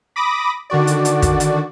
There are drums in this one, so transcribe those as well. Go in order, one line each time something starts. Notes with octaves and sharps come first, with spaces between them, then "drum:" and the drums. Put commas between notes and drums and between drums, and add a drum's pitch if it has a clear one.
B5 D6 D#6 A#6
D3 D#3 F#4 D5
drum: hi-hat
drum: hi-hat
drum: kick, hi-hat
drum: hi-hat